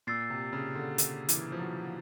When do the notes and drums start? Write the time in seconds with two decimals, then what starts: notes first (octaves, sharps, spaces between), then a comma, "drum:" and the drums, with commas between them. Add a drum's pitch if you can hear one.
0.07 A#2 E6 A6 C7
0.30 C3
0.53 C#3
0.75 D3
0.98 drum: hi-hat
1.29 E3, drum: hi-hat
1.52 F3
1.59 F#3